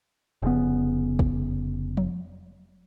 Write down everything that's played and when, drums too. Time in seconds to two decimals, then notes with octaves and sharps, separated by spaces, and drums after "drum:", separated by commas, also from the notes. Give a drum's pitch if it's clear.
0.42 F1 C#3 B3
1.19 drum: kick
1.97 drum: tom F3